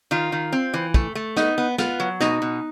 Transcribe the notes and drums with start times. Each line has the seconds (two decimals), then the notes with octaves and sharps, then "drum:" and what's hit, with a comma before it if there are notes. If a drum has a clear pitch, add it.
0.11 D#3 F4
0.32 D#3
0.52 C4
0.74 E3
0.94 A3, drum: kick
1.15 A3
1.36 B3 D#4, drum: snare
1.58 B3
1.78 B3 F4, drum: snare
2.00 F#3
2.20 B2 D#4, drum: snare
2.42 B2